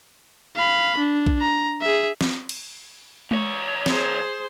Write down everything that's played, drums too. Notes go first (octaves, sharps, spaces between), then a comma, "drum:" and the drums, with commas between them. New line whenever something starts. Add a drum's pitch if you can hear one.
F5 B5
D4
drum: kick A#1
A#5
G#4 E5
drum: snare
drum: cymbal
E2 C#5, drum: tom G#3
G#4 C5, drum: snare